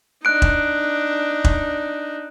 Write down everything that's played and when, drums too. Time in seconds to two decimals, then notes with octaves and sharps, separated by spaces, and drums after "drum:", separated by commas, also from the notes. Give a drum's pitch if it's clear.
0.25 D4 D#4 F#6 D7
0.42 drum: kick E1
1.44 drum: kick E1